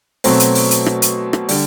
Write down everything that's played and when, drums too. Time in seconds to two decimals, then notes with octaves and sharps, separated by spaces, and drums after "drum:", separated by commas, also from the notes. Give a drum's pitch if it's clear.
0.24 B2 F#3 A3 C4, drum: open hi-hat
0.40 drum: hi-hat
0.55 drum: open hi-hat
0.71 drum: hi-hat
0.86 drum: rim click
1.02 drum: hi-hat
1.33 drum: rim click
1.49 D3 G3, drum: open hi-hat